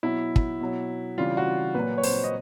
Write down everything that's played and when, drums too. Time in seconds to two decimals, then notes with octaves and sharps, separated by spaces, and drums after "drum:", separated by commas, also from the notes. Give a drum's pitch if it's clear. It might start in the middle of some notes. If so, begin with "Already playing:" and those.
0.03 B2 F#3 E4
0.36 drum: kick
0.61 B2 F#3
1.18 C#3 E3 G3 F4
1.37 F#4
1.75 A#2 F#3 B4
1.98 C#5
2.04 C5, drum: open hi-hat
2.24 D#5